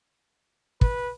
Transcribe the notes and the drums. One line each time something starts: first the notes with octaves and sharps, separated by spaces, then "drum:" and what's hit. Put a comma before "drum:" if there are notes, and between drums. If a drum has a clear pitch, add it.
B4, drum: kick